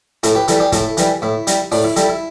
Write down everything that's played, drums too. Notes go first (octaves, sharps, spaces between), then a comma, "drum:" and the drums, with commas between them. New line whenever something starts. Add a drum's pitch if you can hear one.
A2 E4 A4, drum: hi-hat
G4 B4
E3 G3 E4 A4, drum: hi-hat
D4 G4
A2 E4 A4, drum: kick, hi-hat
E3 G3, drum: hi-hat
A2 E4
G3, drum: hi-hat
A2 D4, drum: open hi-hat
E4
G3 E4 A4, drum: hi-hat
E4